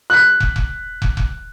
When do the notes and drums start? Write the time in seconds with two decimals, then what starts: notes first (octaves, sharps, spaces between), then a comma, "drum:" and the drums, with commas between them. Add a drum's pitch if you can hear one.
0.10 F#6 B6
0.40 drum: kick
0.56 drum: kick
1.02 drum: kick
1.17 drum: kick